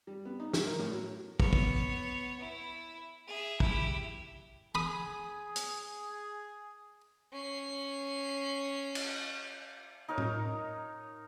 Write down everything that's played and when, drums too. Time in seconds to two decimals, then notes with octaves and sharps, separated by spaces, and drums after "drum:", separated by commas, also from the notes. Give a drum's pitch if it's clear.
0.07 G3
0.25 B3
0.40 D#4
0.53 G3, drum: snare
0.66 A#4
0.79 A2
0.92 F#3
1.40 B3 C#5, drum: kick
1.53 drum: kick
2.39 E4
3.27 G#4 E5
3.60 E4 G4, drum: kick
4.75 G#4 B5 D#6
5.56 drum: hi-hat
7.32 C#4 C7
8.95 drum: cymbal
10.09 D#4 A#4 C#5
10.18 drum: tom A2